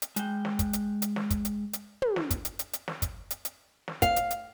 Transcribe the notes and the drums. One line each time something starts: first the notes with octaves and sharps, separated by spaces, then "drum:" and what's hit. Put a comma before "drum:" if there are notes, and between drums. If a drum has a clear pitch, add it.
drum: hi-hat
G#3 G5, drum: hi-hat
drum: snare
drum: kick, hi-hat
drum: hi-hat
drum: hi-hat
drum: snare
drum: kick, hi-hat
drum: hi-hat
drum: hi-hat
drum: tom
drum: snare
drum: kick, hi-hat
drum: hi-hat
drum: hi-hat
drum: hi-hat
drum: snare
drum: kick, hi-hat
drum: hi-hat
drum: hi-hat
drum: snare
F5, drum: kick, hi-hat
drum: hi-hat
drum: hi-hat